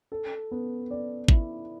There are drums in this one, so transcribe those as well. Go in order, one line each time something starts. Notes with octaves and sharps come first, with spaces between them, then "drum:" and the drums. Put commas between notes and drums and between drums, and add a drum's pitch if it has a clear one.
A4
B3
D5
E4, drum: kick G#1